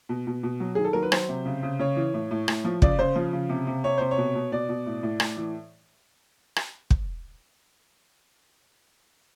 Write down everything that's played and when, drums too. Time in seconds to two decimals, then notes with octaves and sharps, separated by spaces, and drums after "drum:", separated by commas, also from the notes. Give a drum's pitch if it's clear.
0.09 B2
0.27 B2
0.43 B2
0.60 F#3
0.75 D#3 G#4
0.85 A4
0.93 F#3 A#4
1.03 B4
1.12 F#3 C5, drum: rim click
1.29 C3
1.46 C#3
1.63 C#3
1.79 C#3 C#5
1.96 E3
2.14 A2
2.31 A2
2.48 A2, drum: rim click
2.64 F3
2.82 C#3 D5, drum: kick
2.99 C#3 C5
3.16 F3
3.33 C#3
3.50 C3
3.67 C3
3.84 C3 C#5
3.98 C3 C5
4.11 C#5
4.18 B2
4.35 B2
4.52 B2 D5
4.69 B2
4.86 A2
5.03 A2
5.20 A2, drum: rim click
5.37 E3
6.56 drum: rim click
6.90 drum: kick